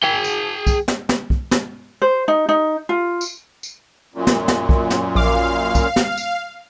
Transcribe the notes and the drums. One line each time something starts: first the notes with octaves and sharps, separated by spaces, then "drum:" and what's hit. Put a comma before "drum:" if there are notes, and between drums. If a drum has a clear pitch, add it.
G#4 G5
drum: tambourine
drum: kick, tambourine
drum: snare
drum: snare
drum: kick
drum: snare
C5
D#4
D#4
F4
drum: tambourine
drum: tambourine
F#2 A#2
drum: snare
drum: snare
drum: kick
drum: snare
A#1 F5 D6
drum: kick, tambourine
drum: snare
drum: tambourine